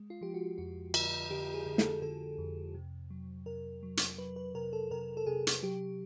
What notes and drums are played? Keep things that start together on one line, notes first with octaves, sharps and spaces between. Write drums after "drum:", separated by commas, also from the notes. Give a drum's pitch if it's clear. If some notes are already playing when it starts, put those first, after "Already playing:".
Already playing: G#3
F4
F3 G4
F#4
F2 F#4
D3, drum: cymbal
D3 G4
G#4
D3
A4, drum: snare
D3 A4
F2
C3
F#3
C3 A#4
F#3
drum: hi-hat
F#3 B4
B4
C3 A#4
A4
C3 A#4
A4
C3 G#4
drum: hi-hat
F#3 G4